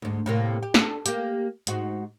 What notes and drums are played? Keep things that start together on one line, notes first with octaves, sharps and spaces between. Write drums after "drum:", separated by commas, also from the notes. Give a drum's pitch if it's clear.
D2 G#2
A2 C3 A#3
G4
D4 A4, drum: snare
A#3 G4, drum: hi-hat
G#2 F#4, drum: hi-hat